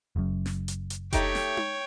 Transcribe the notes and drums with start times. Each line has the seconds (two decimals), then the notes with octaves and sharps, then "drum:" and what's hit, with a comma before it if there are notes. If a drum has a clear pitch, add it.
0.16 F#1 F#2
0.46 drum: snare
0.68 drum: hi-hat
0.90 drum: hi-hat
1.12 A3 D#4 G4 C#5 G5, drum: kick F1, hi-hat
1.35 drum: snare
1.57 drum: tom D#4